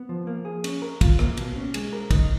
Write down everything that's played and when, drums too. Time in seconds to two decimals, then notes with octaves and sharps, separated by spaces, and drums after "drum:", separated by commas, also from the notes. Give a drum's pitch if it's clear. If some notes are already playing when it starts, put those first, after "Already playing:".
Already playing: B3
0.09 F3
0.27 A#3
0.45 G#4
0.64 C#4, drum: cymbal
0.82 A#4
1.01 F4, drum: kick, cymbal
1.19 A#3, drum: rim click
1.37 B2, drum: cymbal
1.56 C#4
1.74 G#3, drum: cymbal
1.93 A#4
2.11 D#4, drum: kick, cymbal